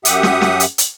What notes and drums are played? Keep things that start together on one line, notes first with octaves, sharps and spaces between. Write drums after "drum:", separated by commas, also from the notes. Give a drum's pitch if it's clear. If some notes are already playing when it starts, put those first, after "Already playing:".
F#2 G4 E5 F#5 D#6, drum: hi-hat
drum: snare
drum: snare
drum: hi-hat
drum: hi-hat